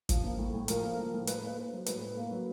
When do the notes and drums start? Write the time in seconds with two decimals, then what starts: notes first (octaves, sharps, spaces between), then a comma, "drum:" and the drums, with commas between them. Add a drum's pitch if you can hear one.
0.09 F3, drum: kick, hi-hat
0.24 A#3
0.38 A2
0.53 A2
0.68 F3 A#4, drum: hi-hat
0.83 A#3
0.98 F3
1.13 A2
1.27 A2 B4, drum: hi-hat
1.43 A#3 B4
1.58 A#3 C5
1.72 F#3
1.86 A2 B4, drum: hi-hat
2.02 A2
2.17 A#3
2.31 F#3